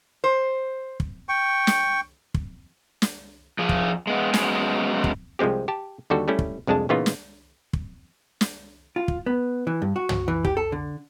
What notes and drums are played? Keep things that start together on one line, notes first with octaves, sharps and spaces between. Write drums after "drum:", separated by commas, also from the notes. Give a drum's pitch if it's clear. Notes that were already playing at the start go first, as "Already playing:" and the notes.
C5
drum: kick
G5 C#6
drum: snare
drum: kick
drum: snare
F3 G#4
drum: kick
G#3 B3
F#2 G#3 B3 F#4 C5 G#5, drum: snare
drum: kick
C2 F3 G#3 C4 G4
G4 A5
D#2 D3 G3 F#4 A4
G3 A3 C#4 E4
drum: kick
C2 F2 G#3 D4 A5
A#2 C#3 E3 B3 D#4 F4
drum: snare
drum: kick
drum: snare
F4
drum: kick
B3
E3
G2
F#4
drum: tom
E3
G4, drum: kick
A4
D3